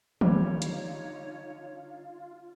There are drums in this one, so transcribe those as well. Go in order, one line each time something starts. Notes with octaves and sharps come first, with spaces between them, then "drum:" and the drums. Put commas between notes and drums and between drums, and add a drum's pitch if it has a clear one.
D3 G3 D#4 F4 C#5, drum: tom
drum: hi-hat